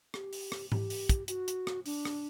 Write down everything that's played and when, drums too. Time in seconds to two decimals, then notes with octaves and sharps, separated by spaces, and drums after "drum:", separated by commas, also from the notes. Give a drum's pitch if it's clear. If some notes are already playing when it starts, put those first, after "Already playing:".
0.14 G4, drum: rim click
0.33 drum: open hi-hat
0.52 drum: rim click
0.72 G4, drum: tom G#2
0.90 drum: open hi-hat
1.09 drum: kick, hi-hat
1.28 F#4, drum: hi-hat
1.48 drum: hi-hat
1.67 drum: rim click
1.86 D4, drum: open hi-hat
2.05 drum: rim click